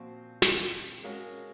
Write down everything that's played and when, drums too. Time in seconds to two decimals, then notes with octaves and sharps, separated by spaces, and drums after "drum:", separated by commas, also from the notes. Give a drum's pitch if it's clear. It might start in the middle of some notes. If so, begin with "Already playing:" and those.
Already playing: A#2 F3 C4 F#4 C5
0.42 drum: snare
1.04 G#3 C#4 F#4 A#4 F5